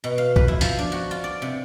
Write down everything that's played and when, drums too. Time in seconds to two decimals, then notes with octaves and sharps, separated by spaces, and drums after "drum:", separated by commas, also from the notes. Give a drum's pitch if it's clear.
0.04 B2
0.18 F5
0.36 B4, drum: kick A#1
0.48 E4
0.61 F3, drum: hi-hat
0.79 D4
0.92 F#4
1.11 F4
1.24 D5
1.42 C3